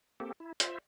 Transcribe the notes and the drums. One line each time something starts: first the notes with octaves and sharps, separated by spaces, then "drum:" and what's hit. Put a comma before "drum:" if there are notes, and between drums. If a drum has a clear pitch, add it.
A#3 C4 G4 A4
E4
F4 C5 E5, drum: hi-hat